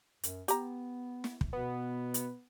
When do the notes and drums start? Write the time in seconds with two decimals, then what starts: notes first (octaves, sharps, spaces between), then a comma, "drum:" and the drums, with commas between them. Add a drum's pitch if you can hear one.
0.23 F#2, drum: hi-hat
0.48 B3 G4 A#5, drum: hi-hat
1.24 drum: snare
1.41 drum: kick
1.53 B2 B3
2.14 drum: hi-hat